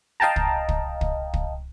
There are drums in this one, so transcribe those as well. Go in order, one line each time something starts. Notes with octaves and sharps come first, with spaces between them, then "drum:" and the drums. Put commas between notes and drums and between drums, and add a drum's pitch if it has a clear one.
D#5 F5 G5 A5 A#5
drum: kick
drum: kick
drum: kick
drum: kick